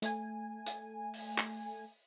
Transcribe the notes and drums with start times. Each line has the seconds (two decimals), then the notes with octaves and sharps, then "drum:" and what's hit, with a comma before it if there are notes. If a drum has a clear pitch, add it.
0.02 A3 G#5, drum: hi-hat
0.66 drum: hi-hat
1.13 drum: open hi-hat
1.38 drum: clap